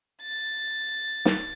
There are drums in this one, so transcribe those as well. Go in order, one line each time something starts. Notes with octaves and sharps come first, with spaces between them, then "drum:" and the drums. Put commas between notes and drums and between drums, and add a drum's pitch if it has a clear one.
A6
drum: snare